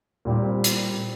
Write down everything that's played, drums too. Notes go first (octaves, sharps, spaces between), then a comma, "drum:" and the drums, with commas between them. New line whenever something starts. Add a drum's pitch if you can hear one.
A#2 G3 C4 G4
drum: hi-hat